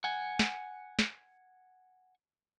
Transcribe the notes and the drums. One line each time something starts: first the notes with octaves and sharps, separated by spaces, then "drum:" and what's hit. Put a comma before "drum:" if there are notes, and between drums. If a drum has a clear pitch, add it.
F#5 G#5
drum: snare
drum: snare